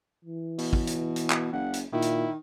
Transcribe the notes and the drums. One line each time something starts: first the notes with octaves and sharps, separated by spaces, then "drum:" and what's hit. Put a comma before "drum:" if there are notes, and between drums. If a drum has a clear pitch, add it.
E3
B2, drum: open hi-hat
drum: kick
drum: hi-hat
drum: hi-hat
drum: clap
F#1 F#5
drum: hi-hat
A#2 D#3 E4
drum: hi-hat